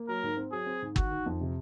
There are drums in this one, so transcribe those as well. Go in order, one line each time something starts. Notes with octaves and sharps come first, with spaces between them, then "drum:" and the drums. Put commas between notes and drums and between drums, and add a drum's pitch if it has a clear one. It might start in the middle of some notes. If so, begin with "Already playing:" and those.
Already playing: A#3
F#3 A#4
G#2
C4
F#3 G#4
C4
G#2
D#3 F#4, drum: kick
D#3
F2
C3